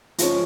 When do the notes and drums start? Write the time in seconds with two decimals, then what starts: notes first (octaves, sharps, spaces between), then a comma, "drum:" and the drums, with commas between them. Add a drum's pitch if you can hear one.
0.18 F3 G#3 C#4, drum: hi-hat